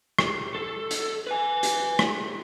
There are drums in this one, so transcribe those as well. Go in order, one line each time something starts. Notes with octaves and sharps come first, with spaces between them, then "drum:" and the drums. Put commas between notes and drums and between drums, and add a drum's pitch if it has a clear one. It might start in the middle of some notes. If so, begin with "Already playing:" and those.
drum: rim click
A4
drum: hi-hat
B4 G#5
drum: hi-hat
drum: rim click